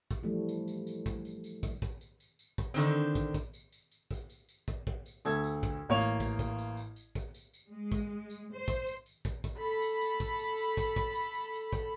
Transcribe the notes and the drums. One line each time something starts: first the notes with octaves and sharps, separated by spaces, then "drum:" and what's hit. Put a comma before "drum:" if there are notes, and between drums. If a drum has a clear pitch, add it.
drum: kick, tambourine
E3 F3 G3 A3
drum: tambourine
drum: tambourine
drum: tambourine
drum: kick, tambourine
drum: tambourine
drum: tambourine
drum: kick, tambourine
drum: kick, tambourine
drum: tambourine
drum: tambourine
drum: tambourine
drum: kick, tambourine
D3 D#3 C4
drum: kick, tambourine
drum: kick, tambourine
drum: tambourine
drum: tambourine
drum: tambourine
drum: kick, tambourine
drum: tambourine
drum: tambourine
drum: kick, tambourine
drum: kick
drum: tambourine
D2 A4 G#6, drum: tambourine
drum: tambourine
drum: kick, tambourine
A1 A#3 F4 C#5 F7
drum: tambourine
drum: kick, tambourine
drum: kick, tambourine
drum: tambourine
drum: tambourine
drum: tambourine
drum: kick, tambourine
drum: tambourine
drum: tambourine
G#3
drum: kick, tambourine
drum: tambourine
C5
drum: kick, tambourine
drum: tambourine
drum: tambourine
drum: kick, tambourine
drum: kick, tambourine
A4 B5
drum: tambourine
drum: tambourine
drum: kick, tambourine
drum: tambourine
drum: tambourine
drum: kick, tambourine
drum: kick, tambourine
drum: tambourine
drum: tambourine
drum: tambourine
drum: kick, tambourine